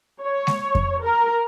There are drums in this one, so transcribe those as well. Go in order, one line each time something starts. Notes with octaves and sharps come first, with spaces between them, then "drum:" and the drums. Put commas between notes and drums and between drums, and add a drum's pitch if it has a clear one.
C#5
drum: snare G#3
drum: kick F2
A#4